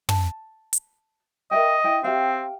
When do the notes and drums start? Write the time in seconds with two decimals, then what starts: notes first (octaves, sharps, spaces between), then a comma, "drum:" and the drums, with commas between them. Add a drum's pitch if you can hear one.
0.09 A5, drum: tom
0.73 drum: hi-hat
1.51 A#4 D#5 E5 G5
1.84 E4 G5
2.04 C4 G4 E5 F5